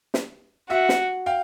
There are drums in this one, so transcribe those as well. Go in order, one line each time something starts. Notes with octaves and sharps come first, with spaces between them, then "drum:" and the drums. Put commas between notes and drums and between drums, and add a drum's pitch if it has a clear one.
drum: snare
F#4 E5 F#5
drum: snare
F5 G5